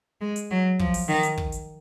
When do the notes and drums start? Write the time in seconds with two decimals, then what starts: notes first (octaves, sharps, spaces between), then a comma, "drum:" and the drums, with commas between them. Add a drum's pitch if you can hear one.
0.21 G#3
0.36 drum: hi-hat
0.51 F#3
0.80 F3, drum: kick
0.94 drum: open hi-hat
1.08 D#3
1.23 drum: hi-hat
1.38 drum: kick
1.52 drum: hi-hat